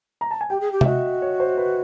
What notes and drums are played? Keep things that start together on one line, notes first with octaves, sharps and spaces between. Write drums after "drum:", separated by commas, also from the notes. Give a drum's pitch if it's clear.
A#5
A5
G#5
G4 G5
G#4
G4
E5, drum: tom C3
F#4 D#5
C#5
C5
B4